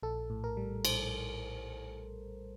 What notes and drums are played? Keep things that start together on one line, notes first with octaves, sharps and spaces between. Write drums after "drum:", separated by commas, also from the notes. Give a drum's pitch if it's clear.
A#1 A4
A2
A#4
G3
A#1 C5, drum: cymbal